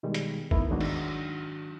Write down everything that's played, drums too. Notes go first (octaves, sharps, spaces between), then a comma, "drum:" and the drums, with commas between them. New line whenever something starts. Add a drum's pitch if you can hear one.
B2 D#3 G3 G#3
drum: hi-hat
A3 B3 D#4 E4 A#4, drum: kick G1
G#2 D#3 F#3 D4 D#4 F#4
drum: cymbal